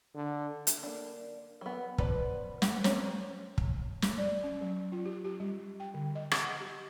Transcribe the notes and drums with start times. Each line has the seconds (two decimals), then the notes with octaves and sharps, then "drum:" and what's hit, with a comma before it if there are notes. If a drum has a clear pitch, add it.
0.15 D3
0.67 drum: hi-hat
0.83 A#3 D4
1.61 F#3 B3
1.98 F3 B3 B4 D5, drum: kick
2.62 F#5, drum: snare
2.84 C4 C#4 C#5 D5 A#5, drum: snare
3.58 drum: kick
4.02 drum: snare
4.18 D5
4.43 C#4
4.61 F#3
4.92 F4
5.05 G4
5.25 G4
5.40 G3
5.80 G5
5.94 D3
6.15 D#5
6.31 F#5, drum: rim click
6.60 G4